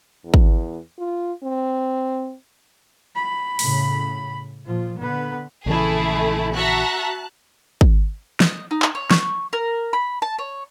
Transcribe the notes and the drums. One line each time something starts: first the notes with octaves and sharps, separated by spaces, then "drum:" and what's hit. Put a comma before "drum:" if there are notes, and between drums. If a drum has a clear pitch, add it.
E2
drum: kick
F4
C4
B5
A2 C#3, drum: open hi-hat
A#2 F3 F4
D3 B3 B4
A#1 C#3 E3 A3 E4 G#4
F#4 E5 A5 A#5 F#6
drum: kick
D#5, drum: snare
D#4
drum: clap
C#5
C#6, drum: snare
A#4
B5
A5
C#5